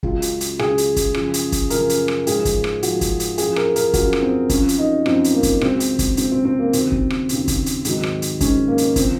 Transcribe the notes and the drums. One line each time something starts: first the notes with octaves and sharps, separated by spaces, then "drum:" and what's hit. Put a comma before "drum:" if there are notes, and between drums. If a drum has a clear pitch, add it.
C#2 C#3 F#3 F4, drum: kick
drum: hi-hat
drum: hi-hat
C#2 C#3 F#3 G#4, drum: rim click
drum: hi-hat
drum: kick, hi-hat
F#2 C#3 F3, drum: rim click
drum: hi-hat
drum: kick, hi-hat
F#2 C#3 F3 A#4, drum: hi-hat
drum: hi-hat
drum: rim click
G#2 F3 G#4, drum: hi-hat
drum: kick, hi-hat
drum: rim click
G#2 F3 F#4, drum: hi-hat
drum: kick, hi-hat
drum: hi-hat
F#2 F3 G#4, drum: hi-hat
A#4, drum: rim click
A#4, drum: hi-hat
F#2 F3 F#4, drum: kick, hi-hat
drum: rim click
C4
F#2 F3 C#4, drum: kick, hi-hat
drum: hi-hat
D#4
F#2 F3 C4, drum: rim click
drum: hi-hat
A#3
drum: kick, hi-hat
C#2 C#3 F#3 C4, drum: rim click
drum: hi-hat
drum: kick, hi-hat
C#2 C#3 F#3 C4, drum: hi-hat
C4
C4
A#3
D#2 C#3 F#3 C4, drum: hi-hat
drum: kick
drum: rim click
D#2 C#3 F#3, drum: hi-hat
drum: kick, hi-hat
drum: hi-hat
G#2 D#3 F#3, drum: hi-hat
drum: rim click
drum: hi-hat
G#2 D#3 F#3 C#4, drum: kick, hi-hat
A#3
drum: hi-hat
C#3 F3 C4, drum: kick, hi-hat